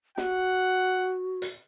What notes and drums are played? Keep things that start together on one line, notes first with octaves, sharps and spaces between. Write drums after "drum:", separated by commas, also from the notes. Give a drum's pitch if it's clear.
F#4 F#5, drum: snare
drum: hi-hat